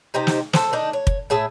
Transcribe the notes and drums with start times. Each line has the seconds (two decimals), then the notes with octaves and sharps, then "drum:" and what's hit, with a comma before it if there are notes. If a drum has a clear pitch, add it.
0.14 C3 D#4 G4 C5
0.27 drum: snare
0.53 A4 C5, drum: snare
0.73 D4 D#4
0.93 C#5
1.07 drum: kick
1.30 A2 G#4 E5 A5